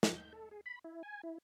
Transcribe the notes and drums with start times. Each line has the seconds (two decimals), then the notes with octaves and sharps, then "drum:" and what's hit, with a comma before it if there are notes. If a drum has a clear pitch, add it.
0.03 F3, drum: snare
0.16 G6
0.33 A4
0.51 G#4
0.66 B5
0.84 E4
1.03 G#5
1.23 E4